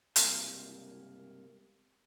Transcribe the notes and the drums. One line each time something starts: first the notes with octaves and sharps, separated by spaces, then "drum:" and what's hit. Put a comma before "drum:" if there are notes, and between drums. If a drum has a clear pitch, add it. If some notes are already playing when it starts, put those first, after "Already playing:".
C#2 G2 C3 A#3, drum: hi-hat